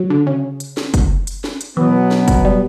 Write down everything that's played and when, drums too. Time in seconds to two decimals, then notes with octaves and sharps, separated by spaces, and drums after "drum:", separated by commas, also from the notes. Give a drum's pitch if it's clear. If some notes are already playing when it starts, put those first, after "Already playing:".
Already playing: F#3
0.10 D3
0.27 C#3
0.60 drum: hi-hat
0.77 drum: snare
0.94 drum: kick F#1, hi-hat
1.27 drum: hi-hat
1.44 drum: snare
1.61 drum: hi-hat
1.77 B2 E3 F#3 B3
2.11 drum: snare
2.28 drum: kick F#1, hi-hat
2.45 G3